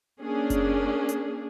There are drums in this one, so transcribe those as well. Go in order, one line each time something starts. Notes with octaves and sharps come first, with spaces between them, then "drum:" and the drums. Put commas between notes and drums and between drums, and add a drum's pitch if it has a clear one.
A#3 C#4 D4 G#4
drum: kick F#1, hi-hat
drum: hi-hat